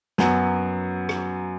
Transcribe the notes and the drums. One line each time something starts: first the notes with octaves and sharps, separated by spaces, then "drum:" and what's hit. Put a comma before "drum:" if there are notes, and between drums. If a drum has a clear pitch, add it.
F#2 F#3 B3, drum: snare
drum: rim click